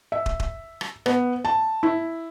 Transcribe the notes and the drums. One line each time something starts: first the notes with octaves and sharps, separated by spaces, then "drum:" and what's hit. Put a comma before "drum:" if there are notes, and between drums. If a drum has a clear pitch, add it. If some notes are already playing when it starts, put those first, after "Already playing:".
E5
drum: kick
drum: kick
drum: rim click
B3, drum: rim click
A5
E4